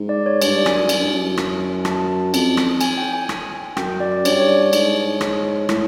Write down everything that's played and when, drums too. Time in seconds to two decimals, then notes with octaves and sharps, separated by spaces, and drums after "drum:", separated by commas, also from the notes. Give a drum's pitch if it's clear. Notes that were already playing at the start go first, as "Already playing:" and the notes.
Already playing: G#2
0.09 D5
0.26 C#5
0.42 G2 D5, drum: cymbal
0.66 F#2 G#5, drum: rim click
0.89 F#2, drum: cymbal
1.01 G2
1.13 F#2
1.37 drum: rim click
1.85 A5, drum: rim click
2.34 F2, drum: cymbal
2.57 drum: rim click
2.81 G#5, drum: cymbal
2.98 G5
3.13 G#5
3.29 drum: rim click
3.77 F#2 G5, drum: rim click
4.00 D5
4.25 G2 C#5, drum: cymbal
4.33 D5
4.40 C#5
4.73 G#2, drum: cymbal
5.21 drum: rim click
5.69 A2, drum: rim click